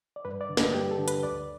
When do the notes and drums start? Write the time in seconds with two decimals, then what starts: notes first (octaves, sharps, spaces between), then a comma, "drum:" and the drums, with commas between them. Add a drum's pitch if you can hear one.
0.16 D5
0.25 G2 B4
0.41 D5
0.49 D3
0.57 B4, drum: snare
0.74 G2 G4
0.91 A4
0.98 D3
1.08 B4, drum: hi-hat
1.23 D2 D5